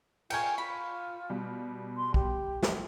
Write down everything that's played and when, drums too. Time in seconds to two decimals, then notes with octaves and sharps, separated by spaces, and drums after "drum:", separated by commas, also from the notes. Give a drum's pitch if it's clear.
0.30 F4 G#4 A#4 G5 C#6 C#7, drum: cymbal
0.58 F4 B5
1.30 B2 G3
1.97 C6
2.14 G4, drum: kick B1
2.63 F#3, drum: snare